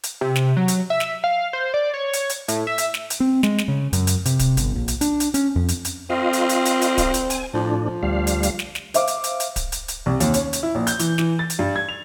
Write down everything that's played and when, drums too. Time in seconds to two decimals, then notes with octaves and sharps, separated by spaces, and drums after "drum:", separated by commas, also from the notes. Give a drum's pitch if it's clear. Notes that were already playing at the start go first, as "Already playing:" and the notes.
0.03 drum: hi-hat
0.21 C3
0.36 drum: snare
0.57 F#3
0.68 drum: hi-hat
0.90 E5
1.00 drum: snare
1.24 F5
1.53 C5
1.74 D5
1.94 C#5
2.13 drum: hi-hat
2.29 drum: hi-hat
2.48 A2, drum: hi-hat
2.67 E5
2.78 drum: hi-hat
2.94 drum: snare
3.10 drum: hi-hat
3.20 C4
3.43 G#3, drum: snare
3.59 drum: snare
3.68 C#3
3.93 F#2, drum: hi-hat
4.07 drum: hi-hat
4.25 C3, drum: hi-hat
4.39 drum: kick D1, hi-hat
4.57 G1, drum: hi-hat
4.76 A#1
4.88 drum: hi-hat
5.01 D4, drum: hi-hat
5.20 drum: hi-hat
5.34 C#4, drum: hi-hat
5.56 F2
5.68 drum: hi-hat
5.85 drum: hi-hat
6.10 C4 F4 D#5 F5
6.33 drum: hi-hat
6.49 drum: hi-hat
6.65 drum: hi-hat
6.81 drum: hi-hat
6.98 drum: kick D1, hi-hat
7.14 drum: hi-hat
7.30 G#5, drum: hi-hat
7.54 A2 F3 D4
7.85 F3
8.03 D2 G3 F5
8.27 drum: hi-hat
8.43 drum: hi-hat
8.59 drum: snare
8.75 drum: snare
8.94 C5 E5 F5 D6, drum: hi-hat
9.07 drum: hi-hat
9.24 drum: hi-hat
9.40 drum: hi-hat
9.56 drum: kick D1, hi-hat
9.72 drum: hi-hat
9.88 drum: hi-hat
10.06 C2
10.20 D#2, drum: hi-hat
10.34 C#4, drum: hi-hat
10.53 drum: hi-hat
10.63 E4
10.75 A#1
10.87 G6, drum: hi-hat
10.99 E3, drum: hi-hat
11.18 E3, drum: snare
11.39 A6
11.50 drum: hi-hat
11.59 G2
11.76 G#6
11.89 F7